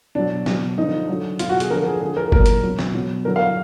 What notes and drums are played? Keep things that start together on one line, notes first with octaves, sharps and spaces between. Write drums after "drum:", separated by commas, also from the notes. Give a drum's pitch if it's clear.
B2 F#3 D4
B2 F#3, drum: snare
D3 F3 D#4
D3 F#3
B2 F#3 F4, drum: hi-hat
F#4
G#4, drum: hi-hat
D3 F3 A#4
G#4
D3 F3 G#4
A#4
A#2 F#3 A#4, drum: kick G1
drum: hi-hat
B2 F#3
drum: snare
B2 F#3
D3 F#3 A#4
F5